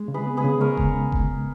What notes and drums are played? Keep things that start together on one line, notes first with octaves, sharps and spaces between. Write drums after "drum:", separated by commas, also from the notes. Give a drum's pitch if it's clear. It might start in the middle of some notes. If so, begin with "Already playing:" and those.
Already playing: G#3
C#3
G#4 B4
B3
G#4 B4
C#3
G#3 A#4 C#5
C#3, drum: kick F1
drum: kick F1